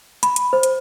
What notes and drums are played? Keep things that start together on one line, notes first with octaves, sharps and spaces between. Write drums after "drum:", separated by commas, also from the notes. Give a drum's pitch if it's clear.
B5, drum: hi-hat
drum: hi-hat
C5
drum: hi-hat